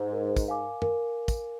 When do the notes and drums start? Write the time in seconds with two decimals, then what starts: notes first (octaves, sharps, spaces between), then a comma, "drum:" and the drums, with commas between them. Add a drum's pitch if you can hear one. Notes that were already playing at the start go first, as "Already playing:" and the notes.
Already playing: G#2
0.13 A#4
0.36 drum: kick, tambourine
0.48 F5 G#5 D6
0.82 A#4, drum: tom
1.28 drum: kick, tambourine